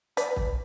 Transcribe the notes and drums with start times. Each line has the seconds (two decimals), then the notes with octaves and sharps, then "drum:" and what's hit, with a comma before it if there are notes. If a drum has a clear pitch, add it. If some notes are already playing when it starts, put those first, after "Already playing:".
0.17 B4 D5, drum: hi-hat
0.36 drum: kick